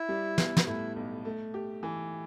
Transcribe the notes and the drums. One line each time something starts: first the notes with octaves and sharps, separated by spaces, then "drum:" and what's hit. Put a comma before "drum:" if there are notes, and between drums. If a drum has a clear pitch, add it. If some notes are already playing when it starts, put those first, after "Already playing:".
Already playing: E4
G3
B3, drum: snare
drum: snare
A2 E4
B1
A3
G4
E3